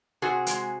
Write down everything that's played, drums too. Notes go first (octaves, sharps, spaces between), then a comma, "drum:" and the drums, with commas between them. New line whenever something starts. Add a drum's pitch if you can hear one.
C3 F#4 G#4
G#3, drum: hi-hat